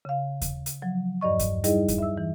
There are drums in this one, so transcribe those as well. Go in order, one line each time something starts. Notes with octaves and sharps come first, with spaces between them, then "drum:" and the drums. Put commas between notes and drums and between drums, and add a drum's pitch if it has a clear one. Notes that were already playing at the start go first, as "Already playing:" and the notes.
C#3 F5
drum: kick D#2, hi-hat
drum: hi-hat
F3 F#3
E2 G2 D5 D#5 C#6
drum: kick D#2, hi-hat
G3 D#4 E4 G#4 D#5, drum: hi-hat
drum: kick D#2, hi-hat
E5 E6
E3